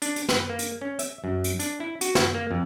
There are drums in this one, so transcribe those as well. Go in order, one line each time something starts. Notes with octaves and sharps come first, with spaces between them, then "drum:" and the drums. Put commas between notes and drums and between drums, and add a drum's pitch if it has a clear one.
D4, drum: hi-hat
drum: hi-hat
B4, drum: snare
A#3
drum: hi-hat
C#4
E5, drum: hi-hat
F#2
drum: hi-hat
D4, drum: hi-hat
E4
F#4, drum: hi-hat
drum: snare
A#3
F2